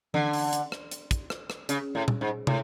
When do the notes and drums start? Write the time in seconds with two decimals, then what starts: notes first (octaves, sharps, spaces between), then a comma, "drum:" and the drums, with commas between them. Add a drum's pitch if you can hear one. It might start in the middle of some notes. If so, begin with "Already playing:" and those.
0.14 D3, drum: tom E3
0.33 drum: open hi-hat
0.53 drum: hi-hat
0.72 drum: rim click
0.91 drum: hi-hat
1.11 drum: kick, hi-hat
1.30 drum: rim click
1.50 drum: rim click
1.69 C#3, drum: hi-hat
1.95 A2
2.08 drum: tom A#2
2.21 G#2
2.47 A2, drum: tom